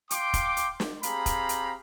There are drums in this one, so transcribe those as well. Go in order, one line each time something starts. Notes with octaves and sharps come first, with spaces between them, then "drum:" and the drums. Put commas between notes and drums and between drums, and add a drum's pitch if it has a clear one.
F5 G5 C6 D6, drum: hi-hat
drum: kick E1, hi-hat
drum: hi-hat
drum: snare
C4 G4 G#4 F5 A#5 B5, drum: hi-hat
drum: kick E1, hi-hat
drum: hi-hat